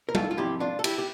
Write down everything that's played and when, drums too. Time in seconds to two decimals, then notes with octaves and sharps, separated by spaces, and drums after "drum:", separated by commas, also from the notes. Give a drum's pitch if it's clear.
0.09 A#4
0.15 F4 A4, drum: tom F#3
0.31 F4
0.37 C2 C3 F3 E4 G4
0.60 D4 F4
0.79 A4
0.84 E4 G4, drum: cymbal
0.98 G4